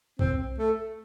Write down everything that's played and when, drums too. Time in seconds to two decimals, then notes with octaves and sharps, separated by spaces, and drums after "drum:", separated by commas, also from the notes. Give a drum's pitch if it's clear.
0.19 C4, drum: kick B1
0.58 A3